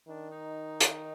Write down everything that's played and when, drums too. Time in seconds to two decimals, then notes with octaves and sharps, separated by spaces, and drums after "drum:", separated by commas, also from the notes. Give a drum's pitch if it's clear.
0.08 D#3 D4
0.30 D#4
0.80 drum: hi-hat